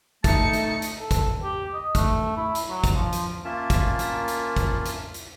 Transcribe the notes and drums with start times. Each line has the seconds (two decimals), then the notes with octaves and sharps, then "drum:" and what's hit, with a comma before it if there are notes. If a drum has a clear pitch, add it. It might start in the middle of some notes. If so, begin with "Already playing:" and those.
0.24 A3 D#4 A5 C#7, drum: kick, hi-hat
0.53 drum: hi-hat
0.82 drum: hi-hat
1.00 A4
1.11 drum: kick, hi-hat
1.43 G4
1.73 D#5
1.95 A3, drum: kick, hi-hat
2.37 E4
2.55 drum: hi-hat
2.70 F#3
2.84 drum: kick, hi-hat
2.95 F3
3.12 drum: hi-hat
3.45 A#3 C#4 F4 A#4 E5 A5
3.70 drum: kick, hi-hat
3.99 drum: hi-hat
4.28 drum: hi-hat
4.56 drum: kick, hi-hat
4.85 drum: hi-hat
5.14 drum: hi-hat